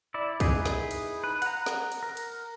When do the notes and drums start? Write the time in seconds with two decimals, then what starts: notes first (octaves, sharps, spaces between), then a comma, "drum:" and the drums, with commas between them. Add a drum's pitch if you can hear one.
0.14 E4 D5
0.40 D#4 E4 G#4 B4 D#5, drum: kick, cymbal
0.65 drum: snare
0.91 drum: cymbal
1.24 B4
1.42 F#5 A#5, drum: cymbal
1.66 drum: snare
1.92 drum: cymbal
2.03 A#4
2.17 drum: cymbal